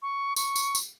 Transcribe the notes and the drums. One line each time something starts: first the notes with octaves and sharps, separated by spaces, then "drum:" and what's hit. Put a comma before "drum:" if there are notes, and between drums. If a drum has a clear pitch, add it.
C#6
C#6, drum: tambourine
drum: tambourine
drum: tambourine